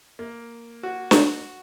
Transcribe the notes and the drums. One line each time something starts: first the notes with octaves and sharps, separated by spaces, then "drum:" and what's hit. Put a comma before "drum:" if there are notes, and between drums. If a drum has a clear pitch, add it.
A#3
F#4
drum: snare